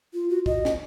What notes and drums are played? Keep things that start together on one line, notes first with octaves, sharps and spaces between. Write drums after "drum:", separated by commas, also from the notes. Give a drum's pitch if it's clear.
F4
F#4
D#5, drum: kick
drum: snare